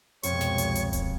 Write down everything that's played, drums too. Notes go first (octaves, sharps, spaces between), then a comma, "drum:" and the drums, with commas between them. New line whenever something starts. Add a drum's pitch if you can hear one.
C2 F2 B2 G#3 C4 C#5 C6 C#6, drum: hi-hat
drum: snare
drum: hi-hat
drum: hi-hat
drum: kick D1, hi-hat